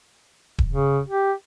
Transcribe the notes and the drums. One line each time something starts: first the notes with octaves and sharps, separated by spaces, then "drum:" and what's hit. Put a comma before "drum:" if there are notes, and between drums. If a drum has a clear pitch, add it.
drum: kick D#1
C#3
G4